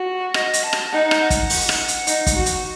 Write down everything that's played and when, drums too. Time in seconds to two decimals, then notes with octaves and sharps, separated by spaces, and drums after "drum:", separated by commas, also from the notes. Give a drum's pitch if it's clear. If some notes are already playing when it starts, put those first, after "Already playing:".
Already playing: F#4
0.34 D#5, drum: rim click
0.53 drum: hi-hat
0.63 A5
0.73 drum: rim click
0.91 D#4 F#5
1.11 drum: rim click
1.21 F#5
1.30 drum: kick, hi-hat
1.50 drum: open hi-hat
1.69 drum: rim click
1.88 drum: hi-hat
2.07 D#4, drum: hi-hat
2.27 drum: kick, hi-hat
2.36 F#4
2.46 drum: hi-hat